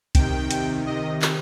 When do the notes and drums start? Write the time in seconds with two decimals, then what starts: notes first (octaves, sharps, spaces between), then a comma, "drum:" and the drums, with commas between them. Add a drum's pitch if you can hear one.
0.15 C3 D#3 G5, drum: kick C2, hi-hat
0.51 drum: hi-hat
0.86 C3 D#3 D#5
1.22 drum: clap